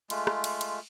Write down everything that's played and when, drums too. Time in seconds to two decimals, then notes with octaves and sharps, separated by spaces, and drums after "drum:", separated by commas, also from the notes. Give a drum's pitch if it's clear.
0.10 G#3 A3 F4, drum: cymbal
0.27 drum: rim click
0.44 drum: cymbal
0.61 drum: cymbal